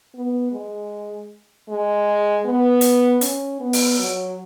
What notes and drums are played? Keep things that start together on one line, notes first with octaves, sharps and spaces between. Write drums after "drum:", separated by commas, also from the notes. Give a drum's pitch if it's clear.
B3
G#3
G#3
B3
drum: hi-hat
C#4, drum: hi-hat
B3
drum: open hi-hat
F#3